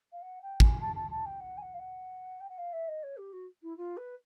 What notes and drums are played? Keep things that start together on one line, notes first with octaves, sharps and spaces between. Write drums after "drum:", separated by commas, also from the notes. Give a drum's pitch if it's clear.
F5
F#5
G5
G#5, drum: kick
A5
A5
A5
G5
F#5
G#5
F#5
F5
F#5
G5
F#5
F5
E5
D#5
C#5
G4
F#4
E4
F4
B4